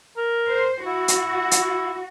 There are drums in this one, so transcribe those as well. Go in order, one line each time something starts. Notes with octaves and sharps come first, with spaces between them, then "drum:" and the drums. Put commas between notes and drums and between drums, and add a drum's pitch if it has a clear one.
A#4
C5
E4 F#4
drum: hi-hat
drum: hi-hat